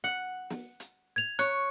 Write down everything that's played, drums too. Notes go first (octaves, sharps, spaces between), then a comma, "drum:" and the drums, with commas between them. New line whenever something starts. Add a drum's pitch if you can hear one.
F#5
drum: snare
drum: hi-hat
G#6 F7
C#5 F#6, drum: hi-hat